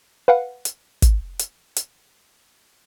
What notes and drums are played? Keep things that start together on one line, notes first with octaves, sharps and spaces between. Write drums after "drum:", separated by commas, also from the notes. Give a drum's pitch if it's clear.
B4 F5 F#5
drum: hi-hat
drum: kick, hi-hat
drum: hi-hat
drum: hi-hat